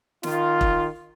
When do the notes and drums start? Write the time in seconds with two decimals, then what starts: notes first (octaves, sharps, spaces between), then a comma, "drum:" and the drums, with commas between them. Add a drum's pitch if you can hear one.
0.23 D#3 F4, drum: snare
0.61 drum: kick E1